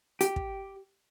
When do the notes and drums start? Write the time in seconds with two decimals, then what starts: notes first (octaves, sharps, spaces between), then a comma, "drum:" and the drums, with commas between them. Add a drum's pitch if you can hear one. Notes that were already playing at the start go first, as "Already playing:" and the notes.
0.21 G4, drum: hi-hat
0.36 drum: kick